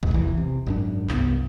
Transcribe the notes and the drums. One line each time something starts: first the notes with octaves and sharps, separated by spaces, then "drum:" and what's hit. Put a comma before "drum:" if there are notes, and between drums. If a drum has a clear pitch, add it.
D#1, drum: kick
F1 E2 E3
C3
G#1 F#2 D4
C2 G2 B3, drum: clap